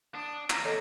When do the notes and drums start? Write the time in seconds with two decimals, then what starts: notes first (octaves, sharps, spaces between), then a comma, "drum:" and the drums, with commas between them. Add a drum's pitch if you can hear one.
0.15 D4 D#6
0.50 E2 A#3 A#5, drum: clap
0.64 A4 C#5 D#5